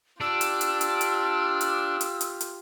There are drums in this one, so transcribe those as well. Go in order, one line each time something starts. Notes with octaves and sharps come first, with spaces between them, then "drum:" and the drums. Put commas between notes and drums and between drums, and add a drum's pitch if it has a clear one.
D4 F4 G4 E6
drum: hi-hat
drum: hi-hat
drum: hi-hat
drum: hi-hat
drum: hi-hat
drum: hi-hat
drum: hi-hat
drum: hi-hat